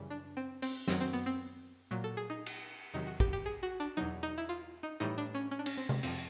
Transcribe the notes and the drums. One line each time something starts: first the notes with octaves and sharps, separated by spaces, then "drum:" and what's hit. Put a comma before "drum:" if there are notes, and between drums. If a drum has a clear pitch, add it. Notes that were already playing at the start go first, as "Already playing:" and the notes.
Already playing: F#2 C#3 E3 G3
D4
C4
C4, drum: open hi-hat
F#2 D#3 F#3 C4, drum: snare
C4
B3
C4
A#2 F#3
A4
G#4
D#4
drum: cymbal
E2 C3 D#3 F#3 D#4
F#4
G4, drum: kick
G4
G#4
F#4
D4
E2 B2 F#3 D#4
D#4
E4
F4
D#4
A2 E3 G3 D#4
D4
C#4
C#4
D4
C#4, drum: cymbal
C4
drum: tom C3
F2 C3 F3 C4, drum: cymbal